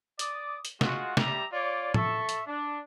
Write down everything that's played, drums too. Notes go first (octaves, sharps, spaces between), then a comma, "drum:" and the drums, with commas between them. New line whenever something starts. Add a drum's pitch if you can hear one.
D5 D6 D#6, drum: hi-hat
drum: hi-hat
G#3 F4 F#4, drum: snare
G3 G4 E5 A#5, drum: snare
F4 C#5 D5
A4 E5 C#6, drum: tom
drum: hi-hat
D4